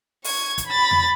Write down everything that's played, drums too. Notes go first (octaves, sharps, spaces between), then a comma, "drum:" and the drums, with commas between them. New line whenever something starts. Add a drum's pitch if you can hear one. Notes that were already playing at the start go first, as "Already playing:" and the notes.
C#6 G#6, drum: open hi-hat
drum: kick, hi-hat
B5 A6
drum: tom E2